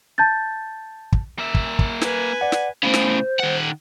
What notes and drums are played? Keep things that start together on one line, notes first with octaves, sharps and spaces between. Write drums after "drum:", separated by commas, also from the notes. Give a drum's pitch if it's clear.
A5 G6 A6
drum: kick
A#3 E5
drum: kick
drum: kick
B4 G#5, drum: snare
D5 F#5
drum: snare
A2 C#3 C5
drum: snare
D#3 F#5